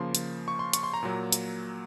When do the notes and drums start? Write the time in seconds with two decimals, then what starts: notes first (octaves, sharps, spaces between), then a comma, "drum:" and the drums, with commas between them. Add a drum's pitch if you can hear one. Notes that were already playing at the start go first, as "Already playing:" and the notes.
Already playing: C#3 F3 A#3 C6
0.15 drum: hi-hat
0.48 C#6
0.59 C6
0.73 C#6, drum: hi-hat
0.83 C6
0.94 A#5
1.03 A#2 F#3 A#3
1.32 drum: hi-hat